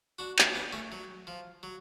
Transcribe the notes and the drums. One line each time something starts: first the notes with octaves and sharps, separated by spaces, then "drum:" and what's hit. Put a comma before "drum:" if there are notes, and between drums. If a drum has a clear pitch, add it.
D4 F#4
drum: clap
B3 D4
A3 C#4
F#3
F3
F#3